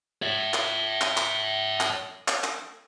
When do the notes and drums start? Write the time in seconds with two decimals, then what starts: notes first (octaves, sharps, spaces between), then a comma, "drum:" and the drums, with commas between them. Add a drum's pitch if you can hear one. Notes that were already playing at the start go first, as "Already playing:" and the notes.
0.22 C#5 E5
0.54 drum: clap
1.01 drum: clap
1.17 drum: clap
1.80 drum: clap
2.28 drum: clap
2.44 drum: clap